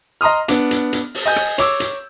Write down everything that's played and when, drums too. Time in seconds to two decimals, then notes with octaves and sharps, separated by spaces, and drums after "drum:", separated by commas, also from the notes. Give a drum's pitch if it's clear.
0.21 D#5 A#5 C6 D#6 F6
0.48 B3 D4, drum: hi-hat
0.71 drum: hi-hat
0.93 drum: hi-hat
1.15 drum: open hi-hat
1.26 D#5 G#5 G6
1.36 drum: rim click
1.58 C#5 D6 E6, drum: hi-hat
1.80 drum: hi-hat